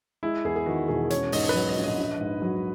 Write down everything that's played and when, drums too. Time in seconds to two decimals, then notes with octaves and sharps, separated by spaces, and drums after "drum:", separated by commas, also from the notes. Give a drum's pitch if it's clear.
0.23 G#3 E4
0.44 E2 G#4
0.56 G#4
0.66 D#3 F#4
0.88 E1 G#4
1.10 C#4 C#5, drum: hi-hat
1.32 G#2 D#5, drum: open hi-hat
1.49 B4
1.54 F#3 C#5
1.69 D#5
1.77 A#1
1.84 D#5
1.98 A#1
2.20 G#2
2.42 F#3